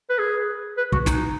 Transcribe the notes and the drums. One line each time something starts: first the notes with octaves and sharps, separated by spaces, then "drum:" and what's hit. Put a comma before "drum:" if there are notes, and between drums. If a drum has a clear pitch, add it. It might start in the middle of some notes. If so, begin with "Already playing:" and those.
B4
G#4
B4
F#4, drum: kick
D#4, drum: snare